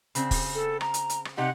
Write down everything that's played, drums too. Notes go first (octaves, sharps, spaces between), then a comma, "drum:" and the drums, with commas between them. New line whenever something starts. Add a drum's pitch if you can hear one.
C#3 C4, drum: hi-hat
drum: kick, open hi-hat
A4
A#5, drum: rim click
drum: hi-hat
drum: hi-hat
drum: rim click
C3 D#4 G4 F#5